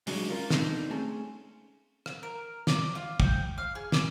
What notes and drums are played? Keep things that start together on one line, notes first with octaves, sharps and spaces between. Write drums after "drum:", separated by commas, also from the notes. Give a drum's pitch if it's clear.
G#2 C#3 F#3 G#3 D4, drum: open hi-hat
C#4 F4 A#4
C3 B3 D4 D#4 A4, drum: snare
A3 C4 C#4 G#4 A5
drum: rim click
A#4
D5, drum: snare
F4
G5, drum: kick
F5
G#4
D5, drum: snare